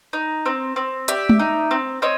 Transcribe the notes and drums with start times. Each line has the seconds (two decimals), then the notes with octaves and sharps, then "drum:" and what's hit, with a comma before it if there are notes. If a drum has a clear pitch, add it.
0.13 D#4
0.46 C4
0.76 C4
1.08 G4 D5 E5, drum: hi-hat
1.29 drum: tom G#3
1.39 D#4
1.71 C4
2.02 C4 C#5 D#5